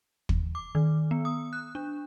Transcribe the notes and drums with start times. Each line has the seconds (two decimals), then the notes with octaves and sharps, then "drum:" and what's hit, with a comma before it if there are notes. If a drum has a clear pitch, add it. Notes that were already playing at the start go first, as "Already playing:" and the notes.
0.29 drum: kick
0.55 D6
0.75 D#3
1.11 B3
1.25 D#6
1.53 F#6
1.75 D4